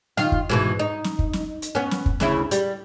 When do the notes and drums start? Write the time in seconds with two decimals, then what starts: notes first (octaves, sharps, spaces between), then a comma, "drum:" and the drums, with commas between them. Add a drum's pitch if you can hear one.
0.17 D#3 F4 F5, drum: snare
0.32 drum: kick
0.49 G#2 B2 E3
0.79 D#4
1.04 drum: snare
1.19 drum: kick
1.33 drum: snare
1.62 drum: hi-hat
1.75 B3 C#4
1.91 drum: snare
2.06 drum: kick
2.20 D2 C#3 E4, drum: snare
2.51 G3, drum: hi-hat